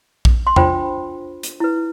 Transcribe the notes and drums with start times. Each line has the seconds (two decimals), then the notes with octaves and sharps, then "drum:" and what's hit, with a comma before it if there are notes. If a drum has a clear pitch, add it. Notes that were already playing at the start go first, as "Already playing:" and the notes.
0.25 drum: kick A#1
0.47 C6
0.56 D4 F4 C5 G5 B5, drum: tom E2
1.43 drum: hi-hat
1.60 E4 B4